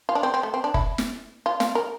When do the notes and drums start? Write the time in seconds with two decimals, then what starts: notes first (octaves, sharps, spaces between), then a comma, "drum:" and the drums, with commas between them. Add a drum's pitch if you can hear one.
0.09 F4
0.15 D4
0.23 C4
0.34 C4
0.43 A3
0.54 C4
0.64 D4
0.74 E4, drum: kick F#1
0.98 drum: snare
1.46 F4
1.60 F4, drum: snare
1.75 A#4